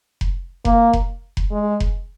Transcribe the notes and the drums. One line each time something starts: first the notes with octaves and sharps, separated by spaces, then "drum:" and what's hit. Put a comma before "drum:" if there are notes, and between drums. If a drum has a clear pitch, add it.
drum: kick F1
A#3, drum: kick F1
drum: kick F1
drum: kick F1
G#3
drum: kick F1